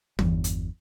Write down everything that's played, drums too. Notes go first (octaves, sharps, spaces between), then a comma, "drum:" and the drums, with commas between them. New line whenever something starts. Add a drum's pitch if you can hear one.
G1 E2, drum: tom
drum: hi-hat